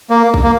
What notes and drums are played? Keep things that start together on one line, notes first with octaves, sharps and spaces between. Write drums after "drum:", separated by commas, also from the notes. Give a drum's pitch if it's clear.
A#3
drum: kick
A#3